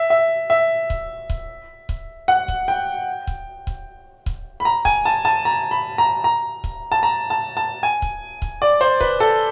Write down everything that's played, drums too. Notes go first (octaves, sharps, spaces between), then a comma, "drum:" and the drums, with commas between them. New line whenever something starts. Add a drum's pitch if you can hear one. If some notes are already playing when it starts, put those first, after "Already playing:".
Already playing: E5
E5
E5
drum: kick C#1
drum: kick C#1
drum: kick C#1
F#5
drum: kick C#1
G5
drum: kick C#1
drum: kick C#1
drum: kick C#1
B5
A#5
G#5, drum: kick C#1
A5
A5
A#5
B5
A#5
A#5
drum: kick C#1
A5
A#5
A5
A5
G#5
drum: kick C#1
drum: kick C#1
D5
C5
B4, drum: kick C#1
A4